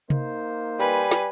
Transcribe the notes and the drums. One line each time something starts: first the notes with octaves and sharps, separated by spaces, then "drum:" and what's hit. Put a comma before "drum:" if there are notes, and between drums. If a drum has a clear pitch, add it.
A#3 D#4 C5, drum: tom C3
G3 B4 G#5
drum: snare